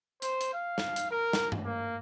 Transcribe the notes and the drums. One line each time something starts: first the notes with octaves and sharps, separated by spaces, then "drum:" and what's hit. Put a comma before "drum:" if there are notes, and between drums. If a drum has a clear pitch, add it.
C5, drum: hi-hat
drum: hi-hat
F5
drum: snare
drum: hi-hat
A#4
drum: snare
drum: tom G2
A#3